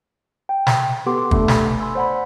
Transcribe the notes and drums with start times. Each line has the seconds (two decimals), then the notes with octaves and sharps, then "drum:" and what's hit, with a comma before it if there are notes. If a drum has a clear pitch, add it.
0.49 G5
0.67 drum: snare
1.06 B3 G4 A4 B4 C6 D6
1.31 A3 B3 D4 A4, drum: kick
1.48 G#5 B5, drum: snare
1.80 G#5 C6 E6
1.95 C5 D5 F#5 G#5 B5